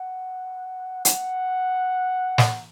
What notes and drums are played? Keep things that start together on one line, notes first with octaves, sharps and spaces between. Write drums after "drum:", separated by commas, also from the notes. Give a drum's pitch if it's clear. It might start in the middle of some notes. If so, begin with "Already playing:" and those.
Already playing: F#5
F#5, drum: hi-hat
drum: snare